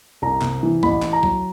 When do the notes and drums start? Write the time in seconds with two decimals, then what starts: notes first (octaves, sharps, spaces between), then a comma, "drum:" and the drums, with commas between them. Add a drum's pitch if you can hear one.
0.22 C2 A#5
0.42 C3, drum: clap
0.63 E3
0.83 A1 B5, drum: kick
1.02 A2, drum: clap
1.13 A#5
1.23 F#3, drum: kick